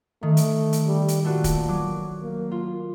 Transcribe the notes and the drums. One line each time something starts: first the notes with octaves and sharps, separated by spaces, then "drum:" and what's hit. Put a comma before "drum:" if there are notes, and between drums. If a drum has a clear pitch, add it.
D#3 A3
drum: hi-hat
drum: hi-hat
G3
drum: hi-hat
A#2 A3 D4 F#4
drum: kick, hi-hat
F#3 D6
A#3
F4